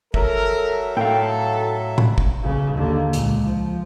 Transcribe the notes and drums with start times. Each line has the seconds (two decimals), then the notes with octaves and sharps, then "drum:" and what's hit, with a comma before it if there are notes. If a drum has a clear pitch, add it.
0.14 F#3 A4 A#4 E5, drum: kick
0.97 A2 D#4 F#4 A4 F5 G5
1.98 drum: tom A2
2.18 drum: kick
2.42 B1 C#3
2.75 D#2 D3
3.13 C#2 A#2, drum: hi-hat
3.42 F3